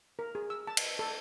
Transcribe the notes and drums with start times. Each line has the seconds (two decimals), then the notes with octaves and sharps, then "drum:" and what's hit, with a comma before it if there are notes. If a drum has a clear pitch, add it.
0.19 A#4
0.35 G#4
0.50 E6
0.67 A5
0.77 drum: cymbal
0.99 A4